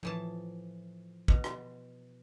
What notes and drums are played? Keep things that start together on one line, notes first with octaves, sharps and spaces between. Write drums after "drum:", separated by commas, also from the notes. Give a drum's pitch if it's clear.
A2 E3 F3 A5
B2, drum: kick
drum: rim click